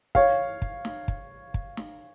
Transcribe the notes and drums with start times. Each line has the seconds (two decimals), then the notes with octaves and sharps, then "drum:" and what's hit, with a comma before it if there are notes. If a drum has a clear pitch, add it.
0.15 C#5 F5, drum: kick
0.62 drum: kick
0.85 drum: snare
1.08 drum: kick
1.54 drum: kick
1.77 drum: snare